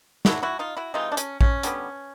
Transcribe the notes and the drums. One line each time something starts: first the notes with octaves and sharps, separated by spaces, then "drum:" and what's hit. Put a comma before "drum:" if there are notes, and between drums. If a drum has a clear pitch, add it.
D3 F#3 B3 E4 F#4, drum: snare
E4 F#4
D#4 F4
E4 F#4
C3 E3 G#3 D#4 F4
D4
C#4, drum: hi-hat
C#4, drum: kick A1
D3 G3 B3, drum: hi-hat